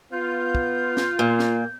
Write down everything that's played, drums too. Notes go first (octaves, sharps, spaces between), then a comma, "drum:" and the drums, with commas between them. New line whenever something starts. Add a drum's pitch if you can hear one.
B3 F4 G6
drum: kick
drum: snare
A#2 A#3
drum: snare